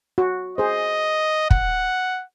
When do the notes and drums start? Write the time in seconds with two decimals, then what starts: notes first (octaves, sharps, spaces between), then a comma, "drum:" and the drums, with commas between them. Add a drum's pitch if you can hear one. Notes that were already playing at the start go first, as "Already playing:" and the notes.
0.18 F#4
0.58 G#4 C5 D#5
1.51 F#5, drum: kick